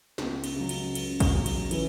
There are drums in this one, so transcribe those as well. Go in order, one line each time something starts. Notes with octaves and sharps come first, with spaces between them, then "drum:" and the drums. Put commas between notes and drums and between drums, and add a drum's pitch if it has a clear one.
C#2, drum: snare
drum: cymbal
C#3 F#3
drum: cymbal
C#2, drum: cymbal
drum: kick A1, cymbal
C#3 F#3
drum: cymbal
E3, drum: cymbal